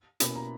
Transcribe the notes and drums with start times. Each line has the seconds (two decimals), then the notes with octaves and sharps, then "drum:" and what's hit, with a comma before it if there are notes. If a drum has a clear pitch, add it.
0.20 B2 A#3 C#4 E4 B5, drum: hi-hat
0.36 A#5